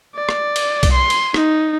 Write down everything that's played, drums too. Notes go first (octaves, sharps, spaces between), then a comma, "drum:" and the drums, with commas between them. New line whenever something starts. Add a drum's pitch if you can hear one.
D5
drum: rim click
drum: cymbal
drum: kick B1, cymbal
C6
drum: cymbal
D#4, drum: rim click